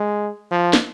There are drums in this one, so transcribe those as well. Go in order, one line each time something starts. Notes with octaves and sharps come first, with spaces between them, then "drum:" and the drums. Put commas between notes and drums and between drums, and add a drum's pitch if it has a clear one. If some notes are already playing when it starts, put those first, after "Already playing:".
Already playing: G#3
F3
drum: snare